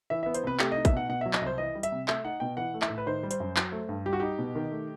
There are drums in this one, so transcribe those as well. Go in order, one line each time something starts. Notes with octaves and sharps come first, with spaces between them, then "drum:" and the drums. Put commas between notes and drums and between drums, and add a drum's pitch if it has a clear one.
E3 E5
B3 E5
C5, drum: hi-hat
C3 B4
A3 G4, drum: clap
D#5
D#4
E5, drum: kick, hi-hat
B2 F#5
B2 F#5
E5
F#3
D#5, drum: clap
C2
C5
E3 D#5
G3
E5, drum: hi-hat
C3
A3 E5, drum: clap
D#4 F#5
B2 G5
E3 F#5
A3
E5, drum: clap
A2
B4
D#3 C5
G3
C5, drum: hi-hat
F#2
F#3, drum: clap
A3
G2
G3 G4
F#4
D#4 G4
B2
D#3
A3